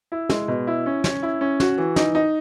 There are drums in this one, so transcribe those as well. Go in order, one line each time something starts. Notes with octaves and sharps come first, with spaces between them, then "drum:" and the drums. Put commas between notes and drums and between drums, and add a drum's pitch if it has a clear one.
E4
G#3, drum: snare
B2
E4
C#4
C#4, drum: snare
E4
C#4
F#4, drum: snare
E3
D#4, drum: snare
D#4